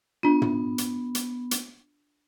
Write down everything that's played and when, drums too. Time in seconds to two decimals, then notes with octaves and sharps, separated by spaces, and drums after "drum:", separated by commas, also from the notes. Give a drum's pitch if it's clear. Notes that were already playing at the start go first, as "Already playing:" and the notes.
0.23 B3 D4 F4
0.42 drum: tom
0.78 drum: hi-hat
1.15 drum: hi-hat
1.51 drum: hi-hat